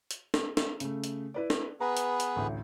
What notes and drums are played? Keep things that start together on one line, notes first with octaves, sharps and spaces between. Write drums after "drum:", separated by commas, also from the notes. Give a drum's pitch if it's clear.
drum: hi-hat
drum: snare
drum: snare
C#3 A3, drum: hi-hat
drum: hi-hat
E4 B4 D5
drum: snare
B3 G#4 B4 A#5 B5
drum: hi-hat
drum: hi-hat
A1 D2 A2